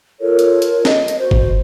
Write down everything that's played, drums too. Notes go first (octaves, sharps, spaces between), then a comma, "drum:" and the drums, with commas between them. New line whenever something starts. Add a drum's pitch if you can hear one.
F4 A4 A#4 C#5
drum: hi-hat
drum: hi-hat
D#5, drum: snare
drum: hi-hat
F#4 C5
drum: kick